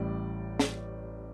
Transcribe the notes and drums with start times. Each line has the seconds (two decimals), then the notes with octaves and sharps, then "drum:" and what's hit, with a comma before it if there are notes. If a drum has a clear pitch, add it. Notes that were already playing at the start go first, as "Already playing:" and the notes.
Already playing: A1 A2 G3 D5
0.59 drum: snare